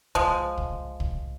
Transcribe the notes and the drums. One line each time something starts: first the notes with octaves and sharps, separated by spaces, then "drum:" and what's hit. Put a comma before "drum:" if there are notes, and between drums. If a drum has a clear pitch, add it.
F3 G#3, drum: kick
drum: kick
drum: kick